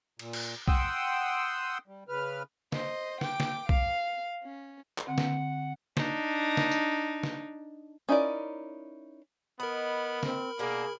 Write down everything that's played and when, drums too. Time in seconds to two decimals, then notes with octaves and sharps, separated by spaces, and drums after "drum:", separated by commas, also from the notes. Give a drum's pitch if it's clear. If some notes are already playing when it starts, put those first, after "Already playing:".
0.19 A#2, drum: cymbal
0.33 drum: cymbal
0.68 F#5 G5 C6 D#6 E6, drum: kick
1.88 G3
2.09 C#3 B4 F6
2.72 C5 D#5, drum: snare
3.21 G5 D6, drum: snare
3.40 drum: snare
3.69 F5, drum: kick
4.43 C#4
4.98 drum: clap
5.07 D3 C4 F#5
5.18 drum: snare
5.97 D4 D#4, drum: snare
6.57 drum: snare
6.71 drum: tambourine
7.23 drum: snare
8.09 C#4 D#4 E4 A#4 D5
9.60 B3 A#4 D#5 B5
10.23 C4, drum: snare
10.59 B2 A#3 D4 G#4